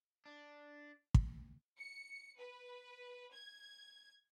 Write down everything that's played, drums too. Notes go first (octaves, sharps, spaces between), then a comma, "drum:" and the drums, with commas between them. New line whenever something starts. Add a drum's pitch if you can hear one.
D4
drum: kick
C#7
B4
G#6